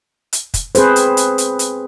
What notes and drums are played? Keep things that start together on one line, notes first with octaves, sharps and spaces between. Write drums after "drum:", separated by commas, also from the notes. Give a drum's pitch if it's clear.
drum: hi-hat
drum: kick, hi-hat
C4 G#4 B4 C5, drum: hi-hat
drum: hi-hat
drum: hi-hat
drum: hi-hat
drum: hi-hat